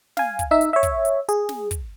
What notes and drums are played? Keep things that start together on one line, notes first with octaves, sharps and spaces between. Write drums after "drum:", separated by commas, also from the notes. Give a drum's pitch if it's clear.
F5 G#5, drum: snare
drum: kick, hi-hat
D#4 E5
drum: hi-hat
C#5 E5
drum: kick, hi-hat
drum: hi-hat
G#4, drum: hi-hat
drum: snare
drum: kick, hi-hat